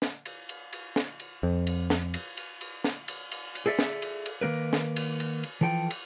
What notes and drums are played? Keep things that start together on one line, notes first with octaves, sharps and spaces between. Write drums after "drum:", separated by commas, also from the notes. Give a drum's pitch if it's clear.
drum: snare
drum: cymbal
drum: cymbal
drum: cymbal
drum: snare
drum: cymbal
F2
drum: cymbal
drum: snare
drum: cymbal
drum: cymbal
drum: cymbal
drum: snare
drum: cymbal
drum: cymbal
drum: cymbal
G#4 A4 D5 E5
drum: snare
drum: cymbal
drum: cymbal
D#3 A#3 A#4 B4
drum: snare
drum: cymbal
drum: cymbal
drum: cymbal
E3 F3 A4 G5
drum: cymbal